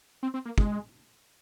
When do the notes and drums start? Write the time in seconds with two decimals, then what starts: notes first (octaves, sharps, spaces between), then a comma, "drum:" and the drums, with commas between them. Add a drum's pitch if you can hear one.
0.23 C4
0.34 C4
0.45 A#3
0.58 G#3, drum: kick